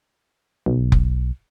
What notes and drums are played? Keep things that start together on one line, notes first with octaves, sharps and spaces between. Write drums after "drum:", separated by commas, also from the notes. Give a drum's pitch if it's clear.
B1
drum: kick F1